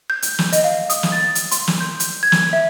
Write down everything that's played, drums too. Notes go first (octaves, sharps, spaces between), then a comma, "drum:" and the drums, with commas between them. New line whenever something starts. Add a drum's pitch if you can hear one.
G6
drum: hi-hat
drum: snare
D#5, drum: hi-hat
F5
D#6, drum: hi-hat
drum: snare
A6
drum: hi-hat
C6, drum: hi-hat
drum: snare
G6
drum: hi-hat
G#6
drum: snare
E5